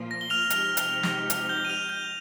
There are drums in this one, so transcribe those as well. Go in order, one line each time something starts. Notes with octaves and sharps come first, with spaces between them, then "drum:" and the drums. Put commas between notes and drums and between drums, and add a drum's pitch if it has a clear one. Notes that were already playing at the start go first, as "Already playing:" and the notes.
Already playing: A#2 F3 A#3 F4
A#6
G7
F6 F7
C3 F3 G#3 D#4 G4 F6 F7, drum: hi-hat
drum: hi-hat
drum: snare
drum: hi-hat
G6 G7
D#7
F6 F7
G6 G7